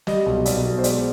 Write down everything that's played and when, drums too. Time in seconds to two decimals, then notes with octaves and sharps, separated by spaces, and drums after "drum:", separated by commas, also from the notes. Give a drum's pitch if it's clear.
0.07 G3 D#5, drum: snare
0.26 B1
0.46 B1 D5, drum: hi-hat
0.65 B2
0.79 C5
0.84 G#3 D5, drum: hi-hat